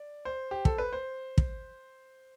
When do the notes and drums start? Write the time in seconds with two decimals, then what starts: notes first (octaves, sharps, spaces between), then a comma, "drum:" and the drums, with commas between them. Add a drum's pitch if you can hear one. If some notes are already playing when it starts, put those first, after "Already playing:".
Already playing: D5
0.25 C5
0.51 G4
0.65 A4, drum: kick
0.78 B4
0.93 C5
1.38 drum: kick